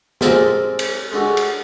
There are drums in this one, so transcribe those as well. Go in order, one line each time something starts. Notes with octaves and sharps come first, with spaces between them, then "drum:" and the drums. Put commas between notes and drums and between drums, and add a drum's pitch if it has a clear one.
G#3 C4 G4 A4 A#4 D5, drum: snare
drum: cymbal
G#3 D4 F#4 A4
drum: cymbal